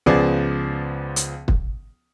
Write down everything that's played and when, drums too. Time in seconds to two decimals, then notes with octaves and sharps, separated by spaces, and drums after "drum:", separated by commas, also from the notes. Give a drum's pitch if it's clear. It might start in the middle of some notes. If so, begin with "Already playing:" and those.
0.06 C#2 F3 B3 G#4 D5
1.16 drum: hi-hat
1.48 drum: kick